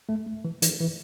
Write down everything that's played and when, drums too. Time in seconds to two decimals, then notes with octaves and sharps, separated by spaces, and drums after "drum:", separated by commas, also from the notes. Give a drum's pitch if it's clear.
0.09 A3
0.26 A3
0.45 E3
0.62 E3, drum: hi-hat
0.81 E3